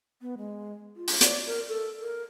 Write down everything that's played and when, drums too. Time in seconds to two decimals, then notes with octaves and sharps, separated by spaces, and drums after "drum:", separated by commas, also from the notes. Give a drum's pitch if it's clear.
0.21 B3
0.38 G#3
0.96 F4
1.08 drum: open hi-hat
1.21 D5, drum: hi-hat
1.47 A#4
1.68 A4
2.02 A#4